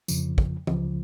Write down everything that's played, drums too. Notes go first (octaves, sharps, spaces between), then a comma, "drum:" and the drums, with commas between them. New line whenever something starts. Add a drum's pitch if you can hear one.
F2 C#3 F3, drum: tambourine
drum: kick
C#2 C#3 F3, drum: tom